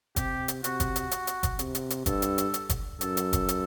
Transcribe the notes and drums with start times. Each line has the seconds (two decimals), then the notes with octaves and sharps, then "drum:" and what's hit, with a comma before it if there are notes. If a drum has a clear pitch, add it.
0.16 C3 G4, drum: kick F#1, hi-hat
0.48 drum: hi-hat
0.64 C3 F#4, drum: hi-hat
0.80 drum: kick F#1, hi-hat
0.96 drum: hi-hat
1.11 drum: hi-hat
1.27 drum: hi-hat
1.43 drum: kick F#1, hi-hat
1.59 C3, drum: hi-hat
1.75 drum: hi-hat
1.90 drum: hi-hat
2.06 G2 A4, drum: kick F#1, hi-hat
2.22 drum: hi-hat
2.38 drum: hi-hat
2.54 drum: hi-hat
2.69 drum: kick F#1, hi-hat
3.01 F#2 A4, drum: hi-hat
3.17 drum: hi-hat
3.33 drum: kick F#1, hi-hat
3.49 drum: hi-hat